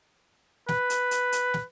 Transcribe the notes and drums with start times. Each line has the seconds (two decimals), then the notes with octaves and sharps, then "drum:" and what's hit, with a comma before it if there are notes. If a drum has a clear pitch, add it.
0.68 B4, drum: snare
0.90 drum: hi-hat
1.11 drum: hi-hat
1.32 drum: hi-hat
1.54 drum: snare